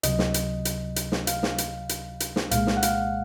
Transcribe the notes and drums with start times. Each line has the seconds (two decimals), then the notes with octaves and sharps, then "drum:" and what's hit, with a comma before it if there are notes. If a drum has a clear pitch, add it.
0.03 C#2 C3 F#3 D#5, drum: hi-hat
0.19 drum: snare
0.34 drum: hi-hat
0.65 drum: hi-hat
0.96 drum: hi-hat
1.12 drum: snare
1.27 F5, drum: hi-hat
1.43 drum: snare
1.58 drum: hi-hat
1.89 drum: hi-hat
2.20 drum: hi-hat
2.36 drum: snare
2.51 C2 A#2 G#3 F5, drum: hi-hat
2.67 drum: snare
2.77 F#5
2.83 F5, drum: hi-hat